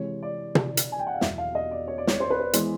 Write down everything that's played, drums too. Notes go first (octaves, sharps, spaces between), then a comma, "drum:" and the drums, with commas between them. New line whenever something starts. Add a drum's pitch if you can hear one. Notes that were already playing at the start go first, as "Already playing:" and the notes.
Already playing: C3 E3 G#3 C#5
D5
drum: tom
drum: hi-hat
G#5
G5
F#5
F5
E2 B2 F#3 E5, drum: snare
F5
D#5
D5
C#5
D5
C#5, drum: snare
C5
B4
C5
E3 G#3 B3 C5, drum: hi-hat